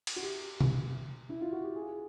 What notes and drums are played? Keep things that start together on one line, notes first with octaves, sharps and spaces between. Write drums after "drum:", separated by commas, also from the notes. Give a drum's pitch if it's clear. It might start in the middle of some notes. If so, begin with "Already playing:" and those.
drum: cymbal
F#4
G4
drum: tom
E4
F4
F#4
G4
G#4